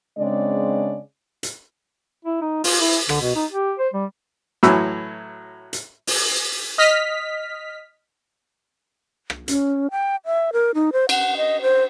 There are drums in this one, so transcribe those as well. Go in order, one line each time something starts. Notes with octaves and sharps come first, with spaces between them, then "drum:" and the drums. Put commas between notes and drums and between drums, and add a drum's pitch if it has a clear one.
C#3 G#3 C4 D4 D5
drum: hi-hat
E4
D#4
F4, drum: open hi-hat
E4
D3, drum: rim click
B2
D#4
G4
C5
G3
A2 E3 F#3 F#4 B5 E6, drum: snare
drum: hi-hat
drum: open hi-hat
D#5 F6 B6
drum: rim click
C#4, drum: hi-hat
G5
E5
A#4
D#4
C5
F#5, drum: cymbal
D#5
C5